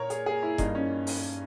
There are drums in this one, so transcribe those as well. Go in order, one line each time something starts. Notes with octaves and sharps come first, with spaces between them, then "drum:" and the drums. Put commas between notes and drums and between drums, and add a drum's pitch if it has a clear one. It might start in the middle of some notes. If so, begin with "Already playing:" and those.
Already playing: A#2 A#3 A#4 C#5
G#4, drum: hi-hat
G#4
E4
G2 G3 A#3 D#4, drum: kick F1, hi-hat
C#4
drum: open hi-hat